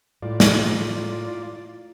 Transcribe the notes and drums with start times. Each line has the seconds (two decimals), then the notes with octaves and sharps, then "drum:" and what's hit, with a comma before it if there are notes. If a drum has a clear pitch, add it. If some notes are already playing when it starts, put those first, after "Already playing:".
0.22 A2 F4 D5
0.40 drum: snare